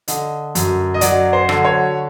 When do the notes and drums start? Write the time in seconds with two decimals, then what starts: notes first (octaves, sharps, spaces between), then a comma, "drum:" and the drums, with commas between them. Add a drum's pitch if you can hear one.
0.08 D3 D#5, drum: hi-hat
0.55 F#2, drum: hi-hat
0.94 D#5
1.01 F#3 D5, drum: hi-hat
1.33 C5
1.49 D3, drum: rim click
1.65 C#5